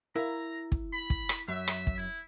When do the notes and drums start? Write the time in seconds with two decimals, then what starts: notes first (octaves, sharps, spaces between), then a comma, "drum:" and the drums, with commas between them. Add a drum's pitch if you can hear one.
0.16 E4 A#4 F5 A#5
0.72 drum: kick
0.93 B5
1.10 drum: kick
1.29 drum: rim click
1.48 F#2 E5
1.68 drum: rim click
1.87 drum: kick
1.97 E4